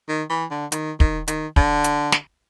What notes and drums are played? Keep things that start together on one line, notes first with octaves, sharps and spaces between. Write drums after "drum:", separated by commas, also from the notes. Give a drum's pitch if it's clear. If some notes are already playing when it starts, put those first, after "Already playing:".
D#3
E3
D3
D#3, drum: hi-hat
D#3, drum: kick
D#3, drum: hi-hat
D3, drum: kick
drum: hi-hat
drum: snare